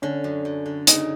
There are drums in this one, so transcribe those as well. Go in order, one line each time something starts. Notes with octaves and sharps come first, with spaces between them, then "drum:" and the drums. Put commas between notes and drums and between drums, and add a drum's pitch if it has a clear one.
D3 C#4
F#2
F#2
D3
C#3 D#4, drum: hi-hat